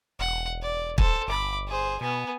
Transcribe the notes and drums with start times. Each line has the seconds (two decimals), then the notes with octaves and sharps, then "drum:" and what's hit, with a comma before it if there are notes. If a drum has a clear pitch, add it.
0.19 E1 F#5
0.61 D5
0.98 A4 C5, drum: kick
1.28 G1 B5 D6
1.67 G#4 C5
2.01 B2 B3 G#5